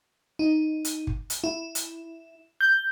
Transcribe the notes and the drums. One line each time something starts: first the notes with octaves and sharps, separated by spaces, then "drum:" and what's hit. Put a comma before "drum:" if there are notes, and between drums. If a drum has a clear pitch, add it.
D#4
drum: hi-hat
drum: kick
drum: hi-hat
E4
drum: hi-hat
G6